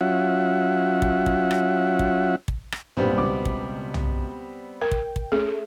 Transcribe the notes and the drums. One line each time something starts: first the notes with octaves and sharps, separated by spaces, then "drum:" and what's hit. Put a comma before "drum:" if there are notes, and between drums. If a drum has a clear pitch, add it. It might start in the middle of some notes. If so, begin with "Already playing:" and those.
F#3 C#4 F4 E5 F#5
drum: kick
drum: kick
drum: rim click
drum: kick
drum: kick
drum: rim click
B1 G2 A#2 G3 B3 C4
C#2 B2 D6
drum: kick
drum: tom
A#4 G5
drum: kick
drum: kick
A3 C#4 G#4